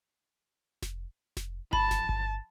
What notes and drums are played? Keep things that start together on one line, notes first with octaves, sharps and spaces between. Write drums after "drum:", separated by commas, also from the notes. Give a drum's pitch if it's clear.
drum: snare F1
drum: snare F1
A5 B5, drum: kick G1
drum: snare F1
drum: kick G1